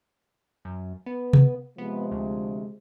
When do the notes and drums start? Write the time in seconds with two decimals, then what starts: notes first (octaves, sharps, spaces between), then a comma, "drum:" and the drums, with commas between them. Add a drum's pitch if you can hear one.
0.65 F#2
1.06 B3
1.33 drum: tom C3
1.78 C3 F3 G#3 B3
2.11 D2